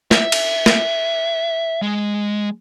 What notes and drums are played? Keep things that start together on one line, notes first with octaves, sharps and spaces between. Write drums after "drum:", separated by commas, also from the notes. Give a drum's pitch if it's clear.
E5, drum: snare
drum: cymbal
drum: snare
G#3